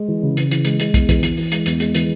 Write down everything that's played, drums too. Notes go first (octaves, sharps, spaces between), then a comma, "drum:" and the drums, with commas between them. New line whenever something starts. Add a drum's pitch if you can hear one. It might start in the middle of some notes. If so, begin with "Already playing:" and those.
Already playing: G#3
E3
C#3
C#3, drum: hi-hat
E3, drum: hi-hat
G#3, drum: hi-hat
G#3, drum: hi-hat
E2, drum: kick, hi-hat
E3, drum: kick, hi-hat
E3, drum: hi-hat
E3, drum: open hi-hat
G#3, drum: hi-hat
E2, drum: hi-hat
G#3, drum: hi-hat
E3, drum: hi-hat